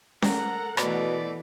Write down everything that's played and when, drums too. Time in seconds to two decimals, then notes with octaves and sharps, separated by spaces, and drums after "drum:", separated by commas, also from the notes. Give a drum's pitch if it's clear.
0.22 A4 A#4 F#5 A#5, drum: snare C#4
0.77 B2 E3 A3 D5, drum: rim click